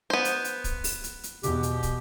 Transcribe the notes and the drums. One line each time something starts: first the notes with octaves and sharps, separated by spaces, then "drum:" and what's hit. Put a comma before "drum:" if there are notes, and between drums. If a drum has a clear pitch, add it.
B3 C5
drum: hi-hat
drum: hi-hat
drum: kick, hi-hat
drum: open hi-hat
drum: hi-hat
drum: hi-hat
E2 B2 G4, drum: hi-hat
drum: hi-hat
drum: kick, hi-hat